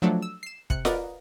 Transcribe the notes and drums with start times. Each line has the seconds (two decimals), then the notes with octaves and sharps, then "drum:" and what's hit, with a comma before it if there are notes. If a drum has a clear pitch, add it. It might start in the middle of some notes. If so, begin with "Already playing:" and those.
0.02 F3 F#3 A3 D4 A4
0.22 E6
0.43 C7 E7
0.70 C3 F#6 C#7, drum: kick
0.85 A#4 B4 D5 D#5 F#5, drum: snare F4